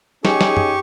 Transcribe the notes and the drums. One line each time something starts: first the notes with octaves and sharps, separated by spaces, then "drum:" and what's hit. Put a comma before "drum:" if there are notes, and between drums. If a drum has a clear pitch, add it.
C#4 D#4 G4 G#4 C#6, drum: snare
drum: snare
drum: tom